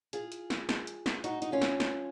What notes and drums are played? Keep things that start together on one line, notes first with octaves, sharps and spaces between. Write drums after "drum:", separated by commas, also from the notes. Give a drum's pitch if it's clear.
F4 G#4, drum: hi-hat
drum: hi-hat
drum: snare
drum: snare
drum: hi-hat
drum: snare
D#4 F#4, drum: hi-hat
D#4, drum: hi-hat
C#4 F4
drum: snare
drum: snare